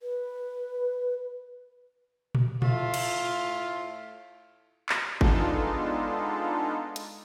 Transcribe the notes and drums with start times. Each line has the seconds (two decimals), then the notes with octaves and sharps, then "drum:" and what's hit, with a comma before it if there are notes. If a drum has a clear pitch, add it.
0.01 B4
2.35 drum: tom A#2
2.62 A2 A3 F4, drum: tom A#2
2.94 drum: cymbal
4.89 drum: clap
5.21 G#3 B3 D4 D#4 F4 A4, drum: kick G1
6.96 drum: hi-hat